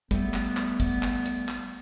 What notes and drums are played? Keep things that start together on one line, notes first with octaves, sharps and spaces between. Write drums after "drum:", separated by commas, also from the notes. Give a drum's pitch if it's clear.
G3 A3 B3, drum: kick, hi-hat
drum: clap
drum: clap
drum: kick, hi-hat
drum: clap
drum: hi-hat
drum: clap